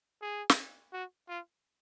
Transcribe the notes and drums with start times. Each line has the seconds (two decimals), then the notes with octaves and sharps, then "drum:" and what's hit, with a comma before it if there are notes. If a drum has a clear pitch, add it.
0.21 G#4
0.50 drum: snare
0.93 F#4
1.29 F4